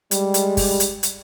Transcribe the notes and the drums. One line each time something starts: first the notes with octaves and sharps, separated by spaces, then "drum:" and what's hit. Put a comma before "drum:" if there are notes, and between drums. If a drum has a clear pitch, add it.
G3 G#3, drum: hi-hat
drum: hi-hat
drum: kick, open hi-hat
drum: hi-hat
drum: hi-hat